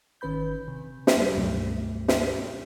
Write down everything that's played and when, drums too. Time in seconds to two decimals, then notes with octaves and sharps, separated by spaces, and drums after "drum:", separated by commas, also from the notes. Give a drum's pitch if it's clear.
0.21 G#1 D#3 C#4 B4 B5 G6
0.68 C3
1.07 drum: snare
1.17 F#2 G3
1.37 C#2 G2 B2 F#3 A3
2.08 drum: snare